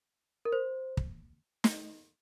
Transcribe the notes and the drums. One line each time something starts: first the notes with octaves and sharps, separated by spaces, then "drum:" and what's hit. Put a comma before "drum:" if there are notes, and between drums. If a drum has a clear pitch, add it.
A#4
C5
drum: kick
drum: snare